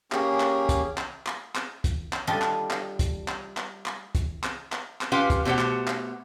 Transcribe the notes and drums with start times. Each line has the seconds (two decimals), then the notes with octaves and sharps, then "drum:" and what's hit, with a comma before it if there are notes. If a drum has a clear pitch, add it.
0.12 A#3 C#4 G4 G#4, drum: clap
0.40 drum: clap
0.69 drum: kick, hi-hat
0.98 drum: clap
1.26 drum: clap
1.55 drum: clap
1.84 drum: kick, hi-hat
2.13 drum: clap
2.27 G3 D4 F4 G4 A4 D#5
2.42 drum: clap
2.71 drum: clap
2.99 drum: kick, hi-hat
3.28 drum: clap
3.57 drum: clap
3.86 drum: clap
4.15 drum: kick, hi-hat
4.43 drum: clap
4.72 drum: clap
5.01 drum: clap
5.12 C#4 F4 G4 B4 F5 G5
5.30 drum: kick, hi-hat
5.45 B2 A3 G4 C5 F#5
5.59 drum: clap
5.87 drum: clap